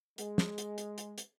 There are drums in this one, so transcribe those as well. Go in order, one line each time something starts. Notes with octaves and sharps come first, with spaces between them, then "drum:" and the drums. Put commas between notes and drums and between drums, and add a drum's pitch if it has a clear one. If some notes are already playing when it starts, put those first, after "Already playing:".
G#3, drum: hi-hat
drum: snare
drum: hi-hat
drum: hi-hat
drum: hi-hat
drum: hi-hat